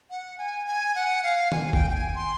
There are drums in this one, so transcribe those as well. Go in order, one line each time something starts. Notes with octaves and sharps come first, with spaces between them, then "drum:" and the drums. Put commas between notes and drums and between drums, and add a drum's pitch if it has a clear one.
F#5
G#5
G#5
F#5
F5
G#5, drum: tom D#3
G5, drum: kick F#1
G5
G#5
C6